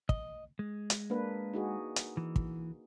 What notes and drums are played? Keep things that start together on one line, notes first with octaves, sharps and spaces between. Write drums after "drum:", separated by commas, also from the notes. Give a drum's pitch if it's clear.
D#5, drum: kick
G#3
drum: hi-hat
A#3 D4 B4
D#4 F#4 G#4
drum: hi-hat
E3
drum: kick